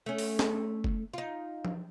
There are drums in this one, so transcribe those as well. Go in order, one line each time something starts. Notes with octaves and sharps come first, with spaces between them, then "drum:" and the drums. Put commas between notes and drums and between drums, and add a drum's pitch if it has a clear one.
A3 C#4
drum: open hi-hat
drum: snare
drum: kick F1
D#4 F4
drum: tom F3